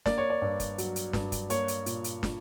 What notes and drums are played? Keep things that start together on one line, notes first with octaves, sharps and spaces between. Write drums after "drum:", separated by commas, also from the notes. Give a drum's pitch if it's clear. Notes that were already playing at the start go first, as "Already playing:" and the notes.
A#3 D5, drum: snare
C#5
D5
G2
drum: kick, hi-hat
F#3, drum: hi-hat
drum: hi-hat
G2, drum: snare
drum: kick, hi-hat
A#3 C#5, drum: hi-hat
drum: hi-hat
A#2, drum: hi-hat
drum: hi-hat
A#2, drum: snare